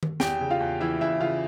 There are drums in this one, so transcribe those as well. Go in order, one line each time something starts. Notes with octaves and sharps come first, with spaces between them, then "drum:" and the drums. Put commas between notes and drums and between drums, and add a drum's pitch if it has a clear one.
drum: tom D#3
E2 G4 G5, drum: snare
C#3
F4 F5
E2
E3 E4 E5
E2 E4 E5
C#3 F4 F5